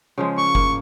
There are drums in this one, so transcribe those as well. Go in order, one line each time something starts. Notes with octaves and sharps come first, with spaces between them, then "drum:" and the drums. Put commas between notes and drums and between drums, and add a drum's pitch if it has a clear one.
C#3 F3 G#3
A#3 C#6
A#3, drum: kick F#1